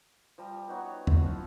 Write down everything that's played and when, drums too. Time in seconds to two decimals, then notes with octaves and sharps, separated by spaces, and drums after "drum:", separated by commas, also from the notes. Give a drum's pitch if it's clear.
0.38 F3 G3 A#5
0.68 B3 D#4 F#4 C#5
1.07 E4, drum: tom
1.22 F3 F5 F#5